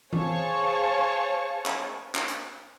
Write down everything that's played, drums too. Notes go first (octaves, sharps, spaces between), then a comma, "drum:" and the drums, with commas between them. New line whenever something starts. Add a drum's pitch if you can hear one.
G#4 C5 C#5 F5 A5 C#6, drum: tom E3
drum: clap
drum: clap
drum: hi-hat